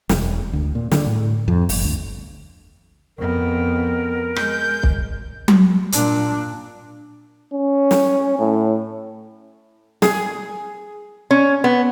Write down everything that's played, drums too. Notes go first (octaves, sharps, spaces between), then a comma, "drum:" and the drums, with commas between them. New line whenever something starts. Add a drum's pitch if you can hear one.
E1, drum: snare
D2
A#2
D3, drum: snare
A2
F2
G1, drum: open hi-hat
D2
F2 B3 A#4
G#3 G6, drum: rim click
drum: kick
drum: tom F#3
A#2 D4, drum: hi-hat
C#4
drum: snare
A2
G#4, drum: snare
C#4
B3